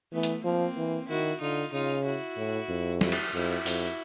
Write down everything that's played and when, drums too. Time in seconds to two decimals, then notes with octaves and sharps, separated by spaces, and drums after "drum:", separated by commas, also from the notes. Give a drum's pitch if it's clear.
0.13 E3 A3 B3
0.23 drum: hi-hat
0.44 F3 A#3 C4
0.77 E3
1.09 D#3 E4 F#4
1.41 D3 D#4 F4
1.73 C#3 D#4 F4
2.05 E4 F#4
2.37 A2
2.69 F2
3.01 E4 F#4, drum: snare
3.12 drum: cymbal
3.33 F2 E4 F#4
3.66 F2, drum: open hi-hat